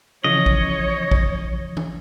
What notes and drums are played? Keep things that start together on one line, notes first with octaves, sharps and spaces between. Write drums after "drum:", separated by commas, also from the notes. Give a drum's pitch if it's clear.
C#3 E3 F3 C#5 D#5
drum: kick A1
drum: kick A1
drum: tom E3